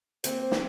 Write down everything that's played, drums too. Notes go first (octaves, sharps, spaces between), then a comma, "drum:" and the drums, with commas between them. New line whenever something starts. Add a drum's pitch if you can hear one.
A#3 C4 C5, drum: hi-hat
C5
drum: snare